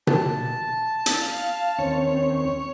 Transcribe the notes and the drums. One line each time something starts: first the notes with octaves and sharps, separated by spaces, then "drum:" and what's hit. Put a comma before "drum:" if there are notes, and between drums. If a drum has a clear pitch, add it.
A5, drum: tom B2
drum: hi-hat
F5
D#2 C4 C#4 C#5